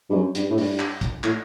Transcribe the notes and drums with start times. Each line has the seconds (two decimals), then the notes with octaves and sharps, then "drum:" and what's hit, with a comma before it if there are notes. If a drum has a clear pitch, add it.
0.10 G2
0.14 F#2
0.35 G2, drum: hi-hat
0.50 A2
0.58 G2, drum: open hi-hat
0.79 drum: clap
1.01 drum: kick, hi-hat
1.24 A2, drum: clap